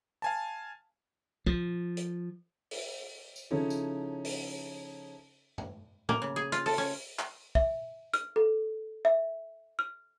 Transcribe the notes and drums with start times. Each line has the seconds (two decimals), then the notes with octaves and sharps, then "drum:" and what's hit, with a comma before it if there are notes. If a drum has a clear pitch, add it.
0.22 F5 G#5 A5
1.46 F3, drum: kick
1.97 drum: hi-hat
2.71 drum: open hi-hat
3.36 drum: tambourine
3.51 C#3 F3 C#4 D#4 E4 A4
3.70 drum: tambourine
4.25 drum: open hi-hat
5.58 drum: tom G2
6.09 A#3, drum: tom A2
6.22 C#3
6.36 G#4
6.52 F4, drum: hi-hat
6.66 A4, drum: open hi-hat
6.78 C#4
7.19 drum: clap
7.55 E5, drum: kick
8.14 F6, drum: hi-hat
8.36 A4
9.05 E5
9.79 F6